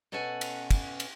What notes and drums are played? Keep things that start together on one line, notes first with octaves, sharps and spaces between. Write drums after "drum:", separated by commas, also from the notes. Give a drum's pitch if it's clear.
B2 C#4 A4 F#5 G#5
drum: cymbal
drum: kick, cymbal
drum: cymbal